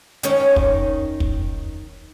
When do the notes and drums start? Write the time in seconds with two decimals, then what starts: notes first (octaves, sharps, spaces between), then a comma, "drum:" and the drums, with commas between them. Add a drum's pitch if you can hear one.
0.23 D#3 C#4, drum: hi-hat
0.56 drum: kick
1.20 drum: kick